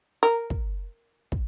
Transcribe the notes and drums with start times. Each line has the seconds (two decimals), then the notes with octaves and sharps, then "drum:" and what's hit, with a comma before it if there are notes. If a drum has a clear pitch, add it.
0.23 A#4
0.50 drum: kick
1.32 drum: kick